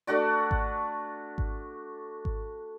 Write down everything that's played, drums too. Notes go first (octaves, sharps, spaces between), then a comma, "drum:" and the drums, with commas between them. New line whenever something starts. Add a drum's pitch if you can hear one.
A3 D4 F#4 D5
drum: kick G#1
drum: kick G#1
drum: kick G#1